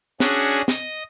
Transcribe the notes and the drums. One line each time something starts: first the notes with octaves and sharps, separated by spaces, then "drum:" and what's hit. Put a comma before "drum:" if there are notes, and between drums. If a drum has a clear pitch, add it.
C#4 D4 F#4 G#4, drum: snare
D#5, drum: snare